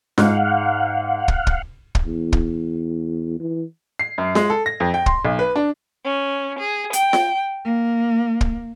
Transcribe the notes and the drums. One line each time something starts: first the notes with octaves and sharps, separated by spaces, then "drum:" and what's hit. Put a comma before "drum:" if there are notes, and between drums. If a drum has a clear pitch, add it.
G#2 F5 F#5, drum: snare F4
drum: kick
drum: kick
drum: kick
E2
drum: kick
E3
C7
F#2
G#3, drum: snare F4
A4
A#6
F2
G5
C6, drum: kick
B1
B4
D4
C#4
G#4
G5, drum: hi-hat
drum: snare F4
A#3
drum: kick